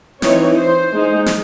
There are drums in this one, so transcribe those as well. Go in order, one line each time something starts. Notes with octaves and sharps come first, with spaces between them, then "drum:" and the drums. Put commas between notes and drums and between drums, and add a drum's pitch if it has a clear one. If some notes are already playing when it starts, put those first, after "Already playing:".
E3 C4 D#4 C#5, drum: snare
C5
G#3 D#4
drum: snare